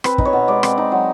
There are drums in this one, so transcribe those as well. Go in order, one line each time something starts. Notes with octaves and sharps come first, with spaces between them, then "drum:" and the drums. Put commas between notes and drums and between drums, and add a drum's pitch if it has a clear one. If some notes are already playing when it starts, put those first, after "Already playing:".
C4 B4, drum: rim click
D#4, drum: kick
C#5
B2
G#3 D5
C4, drum: rim click
D#4
F#3